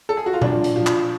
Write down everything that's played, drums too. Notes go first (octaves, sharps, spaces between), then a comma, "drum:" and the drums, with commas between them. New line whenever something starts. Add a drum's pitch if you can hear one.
A4
G#4
F#4
F4
F3 D4, drum: tom A#2
drum: hi-hat
F3
drum: clap